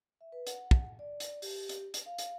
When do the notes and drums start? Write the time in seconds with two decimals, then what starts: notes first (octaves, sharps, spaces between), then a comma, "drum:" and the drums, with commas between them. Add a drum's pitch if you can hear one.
0.21 E5
0.32 B4
0.47 F#5, drum: hi-hat
0.71 drum: kick
0.99 D5
1.20 drum: hi-hat
1.42 G4, drum: open hi-hat
1.69 drum: hi-hat
1.94 drum: hi-hat
2.06 F5
2.18 drum: hi-hat